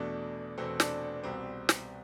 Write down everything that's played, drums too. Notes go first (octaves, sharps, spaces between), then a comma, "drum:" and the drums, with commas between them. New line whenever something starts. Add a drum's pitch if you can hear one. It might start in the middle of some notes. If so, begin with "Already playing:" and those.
Already playing: E2 B2 A3 D4
E2 B2 A3 C4
D4, drum: snare
C2 B2 G3 C4
drum: snare